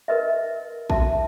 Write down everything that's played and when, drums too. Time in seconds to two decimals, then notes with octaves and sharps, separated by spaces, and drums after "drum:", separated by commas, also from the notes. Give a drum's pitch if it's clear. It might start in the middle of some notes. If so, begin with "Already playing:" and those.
0.08 A#4 B4 D#5 E5
0.90 F#4 E5 A5, drum: kick A#1